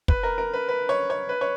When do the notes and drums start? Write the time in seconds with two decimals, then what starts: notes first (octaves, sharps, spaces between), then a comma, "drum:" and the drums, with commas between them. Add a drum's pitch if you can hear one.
0.08 B4, drum: kick
0.23 A#4
0.38 A#4
0.54 B4
0.69 B4
0.89 C#5
1.10 C#5
1.29 B4
1.41 C#5